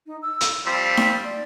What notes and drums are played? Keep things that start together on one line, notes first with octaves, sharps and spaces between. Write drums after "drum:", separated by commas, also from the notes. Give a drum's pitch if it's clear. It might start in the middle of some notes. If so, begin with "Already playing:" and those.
D#4
E6
drum: hi-hat
F3 G3 C4 B6
drum: snare D#4
D5